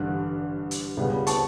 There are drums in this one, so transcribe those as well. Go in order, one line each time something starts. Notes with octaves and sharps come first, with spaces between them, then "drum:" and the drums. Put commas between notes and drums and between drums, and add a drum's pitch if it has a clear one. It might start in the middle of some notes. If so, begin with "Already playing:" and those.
Already playing: A1 G2 D3 F#6
drum: hi-hat
C#2 C#3 G3 B3
A5 C#6, drum: hi-hat